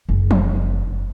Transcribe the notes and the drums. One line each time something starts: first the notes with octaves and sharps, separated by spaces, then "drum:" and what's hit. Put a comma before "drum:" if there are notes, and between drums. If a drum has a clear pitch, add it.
F#1
drum: tom E3